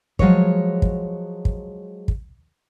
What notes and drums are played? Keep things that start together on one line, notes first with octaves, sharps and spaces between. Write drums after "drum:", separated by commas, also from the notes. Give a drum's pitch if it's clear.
F3 F#3 G#3 C#5, drum: kick
drum: kick
drum: kick
drum: kick